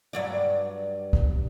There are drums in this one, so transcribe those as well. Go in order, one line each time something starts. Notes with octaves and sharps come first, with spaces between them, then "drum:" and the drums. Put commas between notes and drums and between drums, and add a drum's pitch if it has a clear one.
G2 F#3 D5
drum: kick